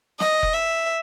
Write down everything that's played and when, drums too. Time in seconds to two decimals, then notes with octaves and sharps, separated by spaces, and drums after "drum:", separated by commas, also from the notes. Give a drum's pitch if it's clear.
0.20 D#5, drum: snare
0.43 drum: kick F1
0.54 E5